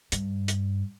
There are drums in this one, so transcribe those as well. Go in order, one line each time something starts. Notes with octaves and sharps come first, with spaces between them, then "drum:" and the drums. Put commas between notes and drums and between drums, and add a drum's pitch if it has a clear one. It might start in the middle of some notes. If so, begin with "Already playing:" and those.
G2, drum: hi-hat
drum: hi-hat